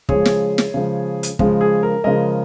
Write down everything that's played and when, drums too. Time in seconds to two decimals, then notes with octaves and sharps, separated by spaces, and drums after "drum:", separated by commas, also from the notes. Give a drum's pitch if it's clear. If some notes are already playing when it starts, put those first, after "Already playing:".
0.09 C#3 F3 G#3 G#4 C#5, drum: kick
0.25 drum: snare
0.58 drum: snare
0.74 C#3 F3 G#3
1.23 drum: hi-hat
1.39 C#3 F3 G#3, drum: kick
1.61 G#4
1.83 A#4
2.04 C#3 F3 G#3 A#4 D#5